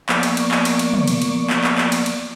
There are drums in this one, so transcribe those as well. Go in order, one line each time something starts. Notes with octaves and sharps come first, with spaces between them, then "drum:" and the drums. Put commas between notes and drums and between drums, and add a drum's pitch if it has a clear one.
F3 A#3 B3 D5 C#6, drum: clap
drum: cymbal
drum: cymbal
drum: clap
drum: cymbal
drum: cymbal
drum: tom
drum: cymbal
drum: cymbal
drum: clap
drum: clap
drum: clap
drum: cymbal
drum: cymbal